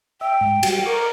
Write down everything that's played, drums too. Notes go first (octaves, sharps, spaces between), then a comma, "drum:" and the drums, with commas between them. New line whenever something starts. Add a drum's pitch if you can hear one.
E5 G5
G#2
G3 F#4, drum: cymbal
A#4 C#6 D6